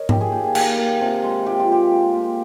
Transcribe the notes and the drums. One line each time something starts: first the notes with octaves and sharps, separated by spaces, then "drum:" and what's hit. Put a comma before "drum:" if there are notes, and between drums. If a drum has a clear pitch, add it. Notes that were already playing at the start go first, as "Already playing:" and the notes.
Already playing: A#4 C#5 D#5
D#3 G4, drum: tom G#2
G#4
A#3 G4
G#4
A#3 G4, drum: cymbal
A#3
C3
G#3
G#3 G4
F4
G#3 G4
A#3
A#3